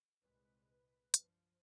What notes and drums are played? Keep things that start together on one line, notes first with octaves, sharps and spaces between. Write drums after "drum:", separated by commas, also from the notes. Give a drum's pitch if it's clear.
C2 A#2 G#3 B4
G2 F3, drum: hi-hat